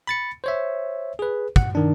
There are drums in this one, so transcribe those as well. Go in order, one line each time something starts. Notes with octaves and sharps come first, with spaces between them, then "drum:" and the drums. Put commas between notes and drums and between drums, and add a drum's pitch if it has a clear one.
B5 A6 C#7
C5 C#5 E5
G#4 B4
F#5, drum: kick
D#3 D4